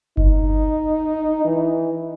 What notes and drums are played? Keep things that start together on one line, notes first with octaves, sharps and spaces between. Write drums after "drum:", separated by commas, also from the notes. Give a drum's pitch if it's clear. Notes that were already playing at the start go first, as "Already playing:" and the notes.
D#4, drum: kick F#1
E3